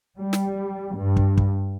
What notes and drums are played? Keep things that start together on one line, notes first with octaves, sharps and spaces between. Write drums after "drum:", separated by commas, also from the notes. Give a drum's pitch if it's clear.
G3
drum: snare
G2
drum: kick
drum: kick